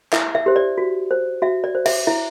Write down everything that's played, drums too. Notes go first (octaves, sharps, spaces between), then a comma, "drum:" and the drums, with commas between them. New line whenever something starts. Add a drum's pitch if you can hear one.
E4 E5, drum: clap
E5
G4 C5
D5
F#4
C5
F#4 E5
D5
C5
E5, drum: cymbal
E4 E5